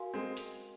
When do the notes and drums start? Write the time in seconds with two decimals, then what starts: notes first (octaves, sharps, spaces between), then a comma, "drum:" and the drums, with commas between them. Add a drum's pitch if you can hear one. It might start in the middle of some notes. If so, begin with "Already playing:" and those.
Already playing: F#4 A#4 F5 G#5 C6
0.14 G#3 C4
0.37 drum: hi-hat